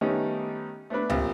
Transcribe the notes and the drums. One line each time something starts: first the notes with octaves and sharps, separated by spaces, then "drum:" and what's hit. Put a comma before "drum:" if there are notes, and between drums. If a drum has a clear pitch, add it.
D#3 G3 A3 B3 C#4 D#4
A3 B3 D4 B4
A#1 C3, drum: tom